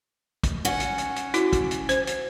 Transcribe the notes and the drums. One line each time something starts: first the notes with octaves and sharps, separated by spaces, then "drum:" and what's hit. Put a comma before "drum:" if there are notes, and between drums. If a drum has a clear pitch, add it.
drum: kick, hi-hat
C#4 F#5
drum: hi-hat
drum: hi-hat
drum: hi-hat
E4 F#4, drum: hi-hat
drum: kick, hi-hat
drum: hi-hat
C5, drum: hi-hat
drum: hi-hat